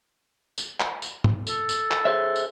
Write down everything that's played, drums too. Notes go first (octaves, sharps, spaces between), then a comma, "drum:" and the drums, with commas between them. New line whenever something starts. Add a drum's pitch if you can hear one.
drum: tambourine
drum: clap
drum: tambourine
drum: tom
A4, drum: tambourine
drum: tambourine
drum: clap
G#4 C5 E5
drum: tambourine